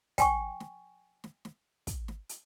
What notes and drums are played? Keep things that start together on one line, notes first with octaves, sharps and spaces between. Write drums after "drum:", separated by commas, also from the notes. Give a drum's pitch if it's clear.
G5 G#5 C#6, drum: kick, hi-hat
drum: snare
drum: snare
drum: snare
drum: kick, hi-hat
drum: snare
drum: hi-hat